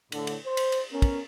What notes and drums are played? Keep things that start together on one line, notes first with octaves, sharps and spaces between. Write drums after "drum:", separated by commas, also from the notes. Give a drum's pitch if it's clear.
A2 D3, drum: cymbal
drum: cymbal
C5
drum: cymbal
drum: cymbal
B3 C#4 A#4
drum: kick, cymbal